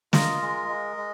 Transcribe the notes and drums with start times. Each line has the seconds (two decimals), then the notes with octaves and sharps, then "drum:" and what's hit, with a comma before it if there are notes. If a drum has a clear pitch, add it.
0.13 F4 A#4 D#5, drum: snare
0.41 G#3
0.69 G#3
0.97 G#3